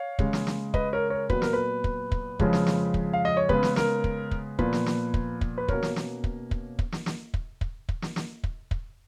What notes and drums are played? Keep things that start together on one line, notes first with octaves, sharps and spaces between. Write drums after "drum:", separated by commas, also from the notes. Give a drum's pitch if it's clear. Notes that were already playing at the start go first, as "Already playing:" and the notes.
Already playing: C#5 F5
C#3 G#3 C#4, drum: kick
drum: snare
drum: snare
B4 D#5, drum: kick
A#4 C#5
A#4 C#5
A#2 F#3 B3 B4, drum: kick
A#4, drum: snare
B4
drum: kick
drum: kick
F2 C#3 F3 G#3 C#4, drum: kick
drum: snare
drum: snare
drum: kick
F5
D#5
C#5
C#3 G#3 B3 B4, drum: kick
drum: snare
A#4, drum: snare
drum: kick
drum: kick
A#2 F3 B3 B4, drum: kick
drum: snare
drum: snare
drum: kick
drum: kick
B4
B2 A#3 C#4 A#4 C#5, drum: kick
drum: snare
drum: snare
drum: kick
drum: kick
drum: kick
drum: snare
drum: snare
drum: kick
drum: kick
drum: kick
drum: snare
drum: snare
drum: kick
drum: kick